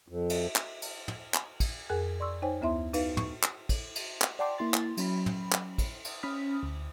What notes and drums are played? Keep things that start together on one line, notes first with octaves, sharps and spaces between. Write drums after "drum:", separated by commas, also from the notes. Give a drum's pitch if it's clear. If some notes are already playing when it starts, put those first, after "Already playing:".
F2
drum: cymbal
drum: clap
drum: cymbal
drum: tom
drum: clap
drum: kick, cymbal
F2 G#4 A#4 G#5 F#6
D5 C6 C#6 E6
D#4 C5 C#5 G5 G#5
D2 B3 E4 E5 C6
D#4 B4 F5, drum: cymbal
C#6, drum: tom
drum: clap
drum: kick, cymbal
drum: cymbal
drum: clap
D5 F#5 G5 A5 C6 D6
A#3 E4 C6 A6
drum: clap
F#3 C#4 B5, drum: cymbal
drum: tom
drum: clap
drum: kick, cymbal
drum: cymbal
C#4 B5 D#6 F6 B6
D2